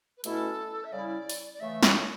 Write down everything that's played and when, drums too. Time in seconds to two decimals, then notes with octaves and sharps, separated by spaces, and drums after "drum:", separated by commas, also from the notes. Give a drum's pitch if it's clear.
0.17 B4
0.24 B2 A3 C#4 E4 A4, drum: hi-hat
0.84 E5
0.92 C#3 G3 C#4 E4 D5
1.30 drum: open hi-hat
1.53 D5
1.60 C#3 E3 A3 E5
1.83 C#5, drum: snare